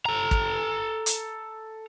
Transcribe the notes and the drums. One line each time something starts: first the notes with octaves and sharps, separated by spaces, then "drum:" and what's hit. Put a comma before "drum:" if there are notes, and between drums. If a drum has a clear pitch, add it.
A4 A#5
drum: kick
drum: hi-hat